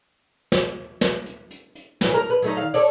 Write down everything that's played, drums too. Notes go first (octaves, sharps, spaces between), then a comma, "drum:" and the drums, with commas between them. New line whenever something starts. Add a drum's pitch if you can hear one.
drum: snare
drum: snare
drum: hi-hat
drum: hi-hat
drum: hi-hat
A2 C#3 E3, drum: snare
A#4
B4
F#3 A3 D#4
D#3 F5
A4 C#5 D5, drum: open hi-hat